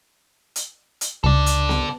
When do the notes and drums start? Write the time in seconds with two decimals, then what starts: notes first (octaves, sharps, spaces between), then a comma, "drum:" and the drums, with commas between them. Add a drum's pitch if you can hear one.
0.56 drum: hi-hat
1.01 drum: hi-hat
1.24 C#2 A4 D5
1.46 drum: hi-hat
1.69 drum: snare B3